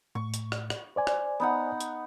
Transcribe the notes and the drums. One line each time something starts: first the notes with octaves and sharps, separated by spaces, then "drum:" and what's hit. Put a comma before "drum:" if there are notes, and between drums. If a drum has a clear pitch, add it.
A2 C#6
drum: hi-hat
drum: rim click
drum: rim click
C5 D5 G#5
drum: rim click
B3 D#4 F#5
drum: hi-hat